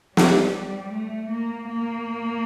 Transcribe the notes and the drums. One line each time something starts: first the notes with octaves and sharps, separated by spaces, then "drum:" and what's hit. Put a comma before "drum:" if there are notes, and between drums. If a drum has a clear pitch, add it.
G3, drum: snare
A3
A#3
A#3